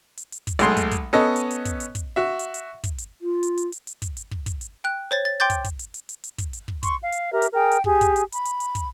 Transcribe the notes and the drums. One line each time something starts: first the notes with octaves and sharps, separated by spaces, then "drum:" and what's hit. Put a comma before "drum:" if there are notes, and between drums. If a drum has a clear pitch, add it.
drum: hi-hat
drum: hi-hat
drum: kick, hi-hat
B1 G#3 A3 C6, drum: hi-hat
drum: kick, hi-hat
drum: kick, hi-hat
B3 C#4 A4 D#5
drum: hi-hat
drum: hi-hat
drum: kick, hi-hat
drum: hi-hat
drum: kick, hi-hat
F#4 E5
drum: hi-hat
drum: hi-hat
drum: kick, hi-hat
drum: hi-hat
F4
drum: hi-hat
drum: hi-hat
drum: hi-hat
drum: hi-hat
drum: kick, hi-hat
drum: hi-hat
drum: kick
drum: kick, hi-hat
drum: hi-hat
G5 F#6
C5 C#5 A6
A6
G5 C6 D6 G6 A6
drum: kick, hi-hat
drum: kick, hi-hat
drum: hi-hat
drum: hi-hat
drum: hi-hat
drum: hi-hat
drum: kick, hi-hat
drum: hi-hat
drum: kick
C6 C#6, drum: kick, hi-hat
F5
drum: hi-hat
G4 A#4 E5
drum: hi-hat
G#4 A#4 G5
drum: hi-hat
G4 G#4, drum: kick
drum: kick, hi-hat
drum: hi-hat
B5, drum: hi-hat
drum: hi-hat
drum: hi-hat
drum: kick, hi-hat